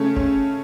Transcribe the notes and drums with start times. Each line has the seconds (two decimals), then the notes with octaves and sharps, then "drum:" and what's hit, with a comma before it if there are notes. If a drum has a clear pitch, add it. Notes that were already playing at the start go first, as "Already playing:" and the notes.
Already playing: C#3 A3 C#4
0.16 C#4, drum: kick G1